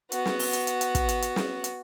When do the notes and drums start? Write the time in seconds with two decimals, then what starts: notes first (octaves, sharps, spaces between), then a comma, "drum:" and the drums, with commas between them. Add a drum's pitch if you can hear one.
0.12 B3 F#4, drum: hi-hat
0.26 drum: snare
0.39 drum: open hi-hat
0.53 drum: hi-hat
0.67 drum: hi-hat
0.81 drum: hi-hat
0.95 drum: kick, hi-hat
1.09 drum: hi-hat
1.22 drum: hi-hat
1.36 drum: snare
1.64 drum: hi-hat